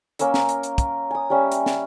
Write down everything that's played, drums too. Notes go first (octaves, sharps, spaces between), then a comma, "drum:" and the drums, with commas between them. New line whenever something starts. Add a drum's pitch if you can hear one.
A#3 C#4 A#4 E6, drum: hi-hat
drum: snare
drum: hi-hat
drum: hi-hat
drum: kick, hi-hat
G#5 D#6
G3 C#4 E5
drum: hi-hat
drum: snare